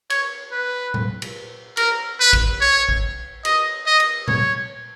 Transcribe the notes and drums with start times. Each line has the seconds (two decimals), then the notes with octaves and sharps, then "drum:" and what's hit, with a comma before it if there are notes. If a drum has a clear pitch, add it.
0.10 C#5, drum: cymbal
0.52 B4
0.94 drum: tom A#2
1.22 drum: cymbal
1.77 A#4, drum: cymbal
2.20 B4
2.33 drum: kick, cymbal
2.61 C#5
2.89 drum: kick
3.45 D#5, drum: cymbal
3.86 D#5
4.00 drum: cymbal
4.28 C#5, drum: tom A#2